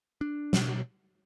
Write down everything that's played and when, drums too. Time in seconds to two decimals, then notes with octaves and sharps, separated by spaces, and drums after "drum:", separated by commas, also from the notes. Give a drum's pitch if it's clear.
0.21 D4
0.53 B2, drum: snare